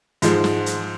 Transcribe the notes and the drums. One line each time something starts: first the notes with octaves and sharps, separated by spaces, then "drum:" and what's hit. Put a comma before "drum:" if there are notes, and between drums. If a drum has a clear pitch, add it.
G#2 F3 G#3, drum: hi-hat
drum: snare
drum: hi-hat